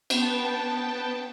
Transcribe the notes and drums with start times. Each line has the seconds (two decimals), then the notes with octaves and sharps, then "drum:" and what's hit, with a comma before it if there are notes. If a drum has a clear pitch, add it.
0.10 B3 G5 A5, drum: cymbal